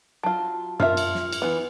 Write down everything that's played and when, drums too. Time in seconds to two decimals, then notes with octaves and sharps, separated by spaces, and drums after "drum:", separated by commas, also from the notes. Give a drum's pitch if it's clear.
0.23 F#3 F4 A5
0.80 F4 A#4 E5 F6, drum: tom F#2
0.97 drum: cymbal
1.15 drum: snare
1.32 drum: cymbal
1.42 E3 B3